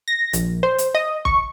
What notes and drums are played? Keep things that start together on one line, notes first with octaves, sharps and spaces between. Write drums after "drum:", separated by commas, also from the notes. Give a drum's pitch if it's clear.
A#6
A#1, drum: hi-hat
C5
drum: hi-hat
D#5
C#6, drum: kick